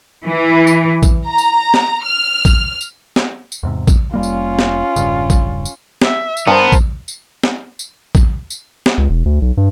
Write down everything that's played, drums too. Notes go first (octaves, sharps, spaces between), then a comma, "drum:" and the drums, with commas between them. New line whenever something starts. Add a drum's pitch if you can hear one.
E3
drum: tambourine
drum: kick A1, tambourine
A#5
drum: tambourine
drum: snare
F6
drum: kick A1, tambourine
drum: tambourine
drum: snare
drum: tambourine
E2 G#2 C3
drum: kick A1, tambourine
F1 G3 A#3 C#4 F4
drum: tambourine
drum: snare
E1 G2 C#3, drum: tambourine
drum: kick A1, tambourine
drum: tambourine
E5, drum: snare
drum: tambourine
G2 B3 A#4 C5 A5
drum: kick A1, tambourine
drum: tambourine
drum: snare
drum: tambourine
drum: kick A1, tambourine
drum: tambourine
drum: snare
C#2
E1
D2
B1
G2